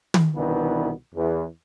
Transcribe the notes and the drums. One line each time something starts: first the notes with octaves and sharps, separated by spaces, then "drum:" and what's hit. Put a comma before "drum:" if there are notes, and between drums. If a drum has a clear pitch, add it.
drum: tom
C2 B2 D#3 E3 B3 D4
E2